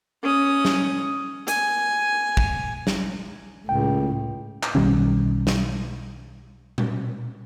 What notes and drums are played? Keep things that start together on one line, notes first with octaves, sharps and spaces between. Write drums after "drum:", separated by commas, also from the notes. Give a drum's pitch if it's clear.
C#4 D#6
drum: snare
G#5, drum: hi-hat
drum: kick
drum: snare
C#2 A2 G5
drum: clap
B1 D#3 G3 C#4
drum: snare
drum: tom A#2